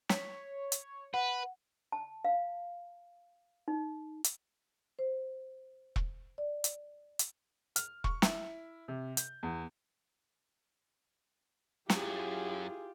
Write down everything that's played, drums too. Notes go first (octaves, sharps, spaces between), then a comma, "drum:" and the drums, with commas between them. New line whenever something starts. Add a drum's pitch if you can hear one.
C#5 B6, drum: snare
drum: hi-hat
B4 F#5
A5
F5
D#4
drum: hi-hat
C5
drum: kick E1
D5
drum: hi-hat
drum: hi-hat
F6, drum: hi-hat
C#6, drum: kick E1
E4, drum: snare
C3
G6, drum: hi-hat
E2
F#2 F#3 E4 F4 G4 G#4, drum: snare